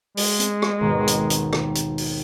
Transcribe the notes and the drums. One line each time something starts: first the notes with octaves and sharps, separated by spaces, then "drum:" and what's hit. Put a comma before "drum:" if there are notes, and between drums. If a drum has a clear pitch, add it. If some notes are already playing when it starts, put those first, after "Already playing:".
G#3, drum: open hi-hat
drum: hi-hat
drum: rim click
G#1 D#2 B2
drum: hi-hat
drum: hi-hat
drum: rim click
drum: hi-hat
drum: open hi-hat